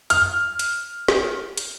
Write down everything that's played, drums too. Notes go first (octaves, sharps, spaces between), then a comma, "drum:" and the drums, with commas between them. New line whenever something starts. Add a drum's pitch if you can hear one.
F6, drum: hi-hat
drum: hi-hat
drum: snare
drum: hi-hat